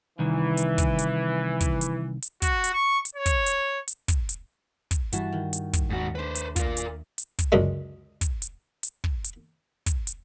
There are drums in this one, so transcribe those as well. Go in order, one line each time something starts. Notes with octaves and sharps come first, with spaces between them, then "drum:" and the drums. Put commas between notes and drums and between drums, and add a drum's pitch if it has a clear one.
C2 D#3 E3
drum: hi-hat
drum: kick, hi-hat
drum: hi-hat
drum: kick, hi-hat
drum: hi-hat
drum: hi-hat
F#4, drum: kick, hi-hat
drum: hi-hat
C#6
drum: hi-hat
C#5
drum: kick, hi-hat
drum: hi-hat
drum: hi-hat
drum: kick, hi-hat
drum: hi-hat
drum: kick, hi-hat
G2 E3 G3 F#4 A5, drum: hi-hat
D#3
drum: hi-hat
drum: kick, hi-hat
D#2 G#2 F#4
A3 D4 B4 C5
drum: hi-hat
F4 A#4, drum: kick, hi-hat
drum: hi-hat
drum: hi-hat
drum: kick, hi-hat
C#2 F#2 D3 G#3
drum: kick, hi-hat
drum: hi-hat
drum: hi-hat
drum: kick
drum: hi-hat
drum: kick, hi-hat
drum: hi-hat